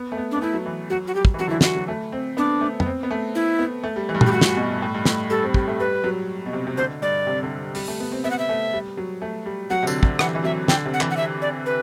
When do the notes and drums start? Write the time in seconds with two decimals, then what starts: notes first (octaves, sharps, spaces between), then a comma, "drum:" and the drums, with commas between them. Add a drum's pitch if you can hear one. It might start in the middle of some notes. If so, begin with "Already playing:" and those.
Already playing: B3
0.12 A3
0.17 B3
0.31 B3 D4
0.42 A3 E4
0.54 F#3
0.66 E3
0.90 F#3 F#4
1.07 F#4
1.15 G3 G4
1.25 drum: kick
1.34 E3
1.39 F#3 F#4
1.47 D3 E3 E4
1.61 E3 F#4, drum: snare
1.76 F#3
1.88 A3
2.12 C4
2.37 B3 D4
2.61 A3
2.80 B3, drum: tom
2.86 C4
3.03 B3
3.11 A3
3.35 E4
3.59 B3
3.84 A3
3.96 G3
4.09 E3
4.15 G2
4.21 A2, drum: tom
4.26 G4
4.32 A2 F#4
4.41 drum: snare
4.57 B2
4.72 G2
4.82 A2
4.94 G2
5.05 A2, drum: snare
5.30 G3 A4
5.43 C4
5.54 G3, drum: kick
5.68 A3
5.80 G3 B4
6.04 F#3
6.46 B2
6.53 C3
6.67 C3
6.77 D3 C5
7.02 G2 D5
7.27 C3
7.43 D3
7.75 G3, drum: open hi-hat
7.88 A3
8.00 B3
8.12 C4
8.24 B3 E5
8.31 F#5
8.39 E5
8.49 A3
8.73 G3
8.97 F#3
9.22 A3
9.46 G3
9.70 F#3 F#5
9.83 C3
9.87 D3, drum: tambourine
10.03 D3, drum: kick
10.19 E3 F#5, drum: rim click
10.35 E3
10.44 F#3 E5
10.68 D3 G5, drum: snare
10.85 C3
10.94 F#5
11.01 E3, drum: clap
11.10 F#5
11.17 E5
11.42 D5
11.66 B4